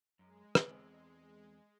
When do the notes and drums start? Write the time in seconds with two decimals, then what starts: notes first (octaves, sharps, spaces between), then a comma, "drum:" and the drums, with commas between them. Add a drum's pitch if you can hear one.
0.19 F#2 G#3
0.55 E2 C4, drum: rim click